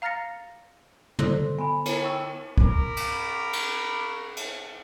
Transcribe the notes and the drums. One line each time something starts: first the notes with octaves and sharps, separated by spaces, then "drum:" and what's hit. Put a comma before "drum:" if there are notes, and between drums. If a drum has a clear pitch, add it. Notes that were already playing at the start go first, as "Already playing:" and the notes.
F5 A#5 F6 A6 A#6 C#7
D3 F#4 A4 C5 E6 A#6, drum: tom
B3 G#5 B5
E4, drum: cymbal
G5 C#6 E6
A#4 B5 C#6 D6, drum: kick
drum: cymbal
drum: cymbal
drum: cymbal